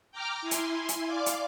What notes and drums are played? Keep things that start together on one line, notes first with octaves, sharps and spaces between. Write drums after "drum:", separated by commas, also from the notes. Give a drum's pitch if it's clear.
G5 A#5 D6 F6
E4 G#5 C6
drum: hi-hat
drum: hi-hat
D5 F5 D6
drum: hi-hat